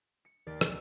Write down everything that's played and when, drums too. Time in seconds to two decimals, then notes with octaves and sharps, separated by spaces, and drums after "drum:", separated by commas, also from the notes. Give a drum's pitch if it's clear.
0.25 C#7
0.46 D#2 D#3 G4 D5 A6 C7
0.61 B1 E6, drum: rim click